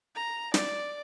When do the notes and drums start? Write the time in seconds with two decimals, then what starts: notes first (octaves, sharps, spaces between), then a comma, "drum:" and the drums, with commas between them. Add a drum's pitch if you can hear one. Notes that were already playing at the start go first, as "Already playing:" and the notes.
0.15 A#5
0.54 D5, drum: snare